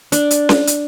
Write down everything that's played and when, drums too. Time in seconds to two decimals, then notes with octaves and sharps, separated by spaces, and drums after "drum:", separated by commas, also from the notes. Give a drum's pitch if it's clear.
0.12 D4, drum: hi-hat
0.31 drum: hi-hat
0.49 drum: snare C#4
0.67 drum: hi-hat